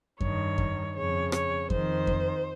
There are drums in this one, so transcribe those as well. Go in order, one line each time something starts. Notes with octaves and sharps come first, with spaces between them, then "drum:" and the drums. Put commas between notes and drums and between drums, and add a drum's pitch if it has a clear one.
G2 D#3 C#5, drum: kick F2
drum: kick F2
F2 C#3 C#5
C#5, drum: rim click
F2 D#3 C5, drum: kick F2
drum: kick F2